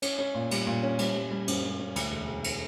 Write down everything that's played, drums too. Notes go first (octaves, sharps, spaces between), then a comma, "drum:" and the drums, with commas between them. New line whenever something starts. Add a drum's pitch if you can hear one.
C#4, drum: cymbal
C#4
A#2
G3, drum: cymbal
A#2
C#4
G3, drum: cymbal
G3
G3
F#2, drum: cymbal
F#2
F#2
D2, drum: cymbal
E1
E1
drum: cymbal